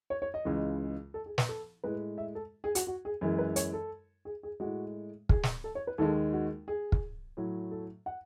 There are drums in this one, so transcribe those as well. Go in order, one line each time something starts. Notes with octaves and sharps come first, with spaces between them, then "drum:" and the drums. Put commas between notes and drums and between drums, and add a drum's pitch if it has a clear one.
C#5
C#5
D#5
C#2 C#3 E3 G#3
A4
G#4
B4, drum: snare
A4
A2 G#3 B4
E5
A4
G#4
F#4, drum: hi-hat
F#4
G#4
F#2 E3 G#3
B4
C#5, drum: hi-hat
A4
G#4
G#4
A2 G#3 F#4
G#4, drum: kick
drum: snare
A4
C#5
B4
D#2 D#3 G#3 A4
F#4
G#4
drum: kick
A2 F#3
A4
F#5